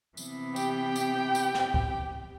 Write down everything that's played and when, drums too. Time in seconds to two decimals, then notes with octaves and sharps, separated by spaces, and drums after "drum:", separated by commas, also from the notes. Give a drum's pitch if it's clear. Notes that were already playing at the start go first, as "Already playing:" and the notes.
0.17 C3 E3 B3, drum: tambourine
0.56 G4 G5, drum: tambourine
0.96 drum: tambourine
1.35 drum: tambourine
1.55 drum: snare
1.74 drum: kick C#2